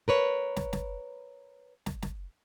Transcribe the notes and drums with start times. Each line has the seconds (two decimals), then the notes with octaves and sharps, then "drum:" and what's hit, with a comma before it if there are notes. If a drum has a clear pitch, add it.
0.08 A#4 B4 C#5
0.57 drum: snare
0.73 drum: snare
1.86 drum: snare
2.02 drum: snare